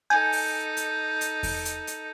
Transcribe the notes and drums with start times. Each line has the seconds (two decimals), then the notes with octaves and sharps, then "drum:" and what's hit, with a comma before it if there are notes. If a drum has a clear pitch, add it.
0.10 D#4 A4 G#5 G6
0.32 drum: open hi-hat
0.77 drum: hi-hat
1.21 drum: hi-hat
1.43 drum: kick E2, open hi-hat
1.65 drum: hi-hat
1.87 drum: hi-hat